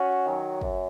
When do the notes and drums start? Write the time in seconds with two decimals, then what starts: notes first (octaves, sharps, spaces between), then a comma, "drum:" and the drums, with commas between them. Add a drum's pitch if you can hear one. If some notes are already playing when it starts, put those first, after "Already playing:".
Already playing: C#4 F#4
0.25 D#3 F#3
0.61 F#2, drum: kick